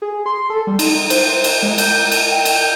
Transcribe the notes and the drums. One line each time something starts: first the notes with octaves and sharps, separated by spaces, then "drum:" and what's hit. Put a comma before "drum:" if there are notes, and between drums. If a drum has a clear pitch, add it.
G#4
C6
A4
G3
D#4, drum: cymbal
C5, drum: cymbal
C5
drum: cymbal
G#3
G6, drum: cymbal
drum: cymbal
G5
drum: cymbal
G6